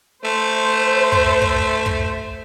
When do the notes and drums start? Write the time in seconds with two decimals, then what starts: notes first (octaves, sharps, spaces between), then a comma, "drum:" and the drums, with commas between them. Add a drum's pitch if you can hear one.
0.24 A3 C5
1.12 drum: kick
1.42 drum: kick
1.86 drum: kick